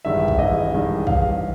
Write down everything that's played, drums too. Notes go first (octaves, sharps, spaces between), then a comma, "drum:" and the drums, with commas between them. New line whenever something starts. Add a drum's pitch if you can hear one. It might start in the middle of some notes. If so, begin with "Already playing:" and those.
A1 G2 D#3 G#3 E5
drum: kick
A1 G2 D#3 G#3 D#5
A1 G2 D#3 G#3
A1 G2 D#3 G#3 F5, drum: kick